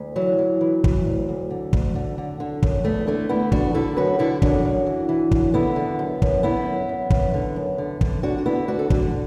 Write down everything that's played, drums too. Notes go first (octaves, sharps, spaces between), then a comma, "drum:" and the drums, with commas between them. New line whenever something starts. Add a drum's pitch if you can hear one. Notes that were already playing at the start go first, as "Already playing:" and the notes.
Already playing: D2
E3 F#3
E3
E3
E3, drum: kick
D2
D2
D3
D2, drum: kick
D3
D3
D3
F#2, drum: kick
E2 A3
D3 A3 D4
D3 B3 E4
E2 D4 F#4, drum: kick
D3 E4 A4
F#2 F#4 B4
D3 E4 A4
F#2 D4 F#4, drum: kick
F#2
E3
E3
F#2, drum: kick
D3 B3 E4
D3
F#2
F#2, drum: kick
D3 B3 E4
F#2
F#2
F#2, drum: kick
D3
F#2
D3
D3, drum: kick
D3 D4 F#4
F#4
D3 B3 E4
D2 D4 F#4
A4
D3 D4 F#4, drum: kick